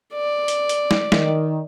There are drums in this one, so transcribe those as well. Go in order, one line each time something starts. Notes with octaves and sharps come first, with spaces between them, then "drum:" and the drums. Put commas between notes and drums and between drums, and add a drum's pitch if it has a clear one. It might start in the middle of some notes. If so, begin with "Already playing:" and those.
D5
drum: hi-hat
drum: hi-hat
drum: snare
D#3, drum: snare